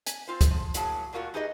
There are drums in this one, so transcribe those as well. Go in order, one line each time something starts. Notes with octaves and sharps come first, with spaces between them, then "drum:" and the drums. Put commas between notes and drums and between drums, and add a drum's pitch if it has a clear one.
G#5, drum: hi-hat
C4 F4 C5
drum: kick, hi-hat
F3
A2 F#3 A#3 G#4 A5, drum: hi-hat
A#2 A3 A#3 F4 F#4
D#4 G4 G#4 B4 C5 D#5